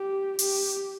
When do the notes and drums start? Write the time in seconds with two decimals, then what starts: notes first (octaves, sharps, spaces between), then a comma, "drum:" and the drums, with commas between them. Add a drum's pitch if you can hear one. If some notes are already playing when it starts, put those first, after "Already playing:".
Already playing: G4
0.39 G4, drum: open hi-hat